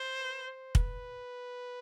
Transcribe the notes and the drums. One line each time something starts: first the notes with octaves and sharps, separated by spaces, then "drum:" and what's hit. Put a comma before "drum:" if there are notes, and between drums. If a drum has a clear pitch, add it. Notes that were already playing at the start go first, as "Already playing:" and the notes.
Already playing: C5
B4
C5
B4, drum: kick